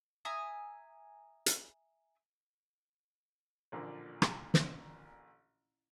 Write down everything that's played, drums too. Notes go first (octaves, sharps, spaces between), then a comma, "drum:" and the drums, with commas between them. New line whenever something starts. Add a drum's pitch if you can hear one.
E5 G#5 A#5 D#6
drum: hi-hat
A1 A#2 D3 F3 A#3
drum: rim click
drum: snare